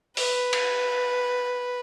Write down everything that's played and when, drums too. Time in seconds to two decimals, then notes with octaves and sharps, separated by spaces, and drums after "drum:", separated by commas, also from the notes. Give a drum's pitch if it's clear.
0.17 B4, drum: open hi-hat
0.53 drum: cymbal